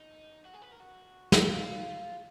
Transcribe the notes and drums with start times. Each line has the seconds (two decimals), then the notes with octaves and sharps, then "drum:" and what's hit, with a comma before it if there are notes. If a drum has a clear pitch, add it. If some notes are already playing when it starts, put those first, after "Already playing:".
Already playing: D#4
0.45 F#4
0.54 G#4
0.62 B4
0.71 A#4
0.80 F#4
1.32 drum: snare
1.51 F4